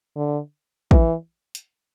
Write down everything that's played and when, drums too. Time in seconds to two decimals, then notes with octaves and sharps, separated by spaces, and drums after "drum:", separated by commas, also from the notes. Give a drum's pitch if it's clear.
0.16 D3
0.91 E3, drum: kick
1.55 drum: hi-hat